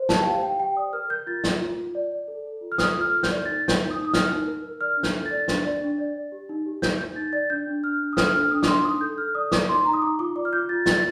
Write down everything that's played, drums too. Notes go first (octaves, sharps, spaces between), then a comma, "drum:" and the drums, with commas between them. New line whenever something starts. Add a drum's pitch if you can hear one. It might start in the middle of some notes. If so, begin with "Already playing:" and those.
Already playing: C5
G4 A5, drum: snare
G5
G4 F5
C5 G5
G4 G5
D5 D#6
A#4 F6
A#4 G6
F4 A6
A#4, drum: snare
F4
F4
D5
D5
A4
A4
F4
F6
A4 D#6, drum: snare
F4
F6
A4
G6, drum: snare
D5
D#4 A6
D#4
G6, drum: snare
D#4
D#6
D#4
D#6
A#4 F6, drum: snare
D#4
A#4
A#4
D5 F6
D4
G6, drum: snare
A4
A6
D5
D4, drum: snare
D5
D4
D5
D5
G4
D#4
G4
D#4 G6, drum: snare
D#4 G6
D#4 A6
D5 A6
D4 G6
D4
D4 F6
D4
D#6
A4 F6, drum: snare
D4 F6
D4 D#6
D6, drum: snare
D4 C6
D#4 D#6
A4 G6
A4 F6
D5 D#6
D5 D6, drum: snare
D#4 C6
D#4 A#5
D#6
D#4 D6
F4 D6
D5 D6
F6
F4 G6
F4 A6
D5 A6, drum: snare